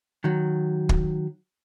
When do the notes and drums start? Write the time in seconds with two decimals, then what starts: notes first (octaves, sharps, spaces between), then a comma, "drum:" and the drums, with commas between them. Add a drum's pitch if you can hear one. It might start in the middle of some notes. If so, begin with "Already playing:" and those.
0.24 D#3 F#3
0.89 drum: kick